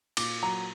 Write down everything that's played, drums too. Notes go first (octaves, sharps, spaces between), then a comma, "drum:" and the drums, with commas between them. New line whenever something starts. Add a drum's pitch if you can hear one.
A#2 D6, drum: cymbal
F#3 A#5